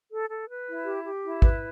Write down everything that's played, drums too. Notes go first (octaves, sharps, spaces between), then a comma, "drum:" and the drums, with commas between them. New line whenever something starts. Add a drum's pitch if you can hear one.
A4
A4
B4
E4
G4
G4
E4
B4, drum: kick